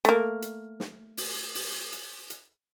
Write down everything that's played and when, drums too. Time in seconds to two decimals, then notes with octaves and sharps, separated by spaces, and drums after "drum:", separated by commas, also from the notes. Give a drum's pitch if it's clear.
0.05 A3 A#3, drum: hi-hat
0.42 drum: hi-hat
0.80 drum: snare
1.17 drum: open hi-hat
1.55 drum: open hi-hat
1.92 drum: hi-hat
2.30 drum: hi-hat